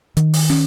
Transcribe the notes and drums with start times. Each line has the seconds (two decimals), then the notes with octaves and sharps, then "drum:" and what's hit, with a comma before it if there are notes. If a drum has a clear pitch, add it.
0.17 D#3, drum: hi-hat
0.33 drum: open hi-hat
0.50 C#4, drum: snare